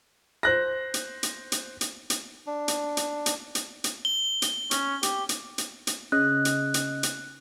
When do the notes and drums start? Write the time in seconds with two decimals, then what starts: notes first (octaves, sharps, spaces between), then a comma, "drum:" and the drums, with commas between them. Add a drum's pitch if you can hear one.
0.43 C5 F#6 A#6
0.94 drum: hi-hat
1.23 drum: hi-hat
1.52 drum: hi-hat
1.81 drum: hi-hat
2.10 drum: hi-hat
2.47 D4
2.68 drum: hi-hat
2.97 drum: hi-hat
3.26 drum: hi-hat
3.55 drum: hi-hat
3.84 drum: hi-hat
4.05 G7
4.42 drum: hi-hat
4.71 C#4, drum: hi-hat
5.03 G4, drum: hi-hat
5.29 drum: hi-hat
5.58 drum: hi-hat
5.87 drum: hi-hat
6.12 C#3 D#5 F#6
6.45 drum: hi-hat
6.74 drum: hi-hat
7.03 drum: hi-hat